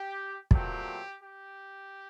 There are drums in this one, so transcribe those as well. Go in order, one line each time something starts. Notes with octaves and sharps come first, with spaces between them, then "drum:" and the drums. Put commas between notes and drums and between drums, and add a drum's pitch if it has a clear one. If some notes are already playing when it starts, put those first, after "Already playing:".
Already playing: G4
A#2 F#3 A3 C4 G4, drum: kick
G4